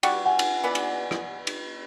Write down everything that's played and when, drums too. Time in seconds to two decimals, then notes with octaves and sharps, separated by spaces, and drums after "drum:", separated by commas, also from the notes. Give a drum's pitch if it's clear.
0.03 G3 F#4 G4, drum: cymbal
0.25 F#5 G#5
0.39 drum: cymbal
0.64 E3 B3 D5
0.75 drum: cymbal
1.11 drum: rim click
1.47 drum: cymbal